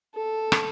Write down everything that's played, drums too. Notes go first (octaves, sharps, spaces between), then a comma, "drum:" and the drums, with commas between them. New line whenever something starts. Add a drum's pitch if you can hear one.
A4
drum: rim click